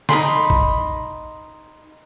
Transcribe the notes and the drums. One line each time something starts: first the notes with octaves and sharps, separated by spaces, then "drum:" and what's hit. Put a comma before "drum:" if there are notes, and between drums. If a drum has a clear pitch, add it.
D#4 A#4 B5 C6, drum: snare D3
drum: kick G#1